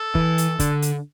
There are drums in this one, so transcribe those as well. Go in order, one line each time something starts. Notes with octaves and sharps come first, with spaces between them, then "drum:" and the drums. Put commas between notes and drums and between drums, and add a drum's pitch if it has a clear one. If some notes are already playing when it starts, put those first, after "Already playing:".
Already playing: A4
E3, drum: kick
drum: hi-hat
D3, drum: kick, hi-hat
drum: hi-hat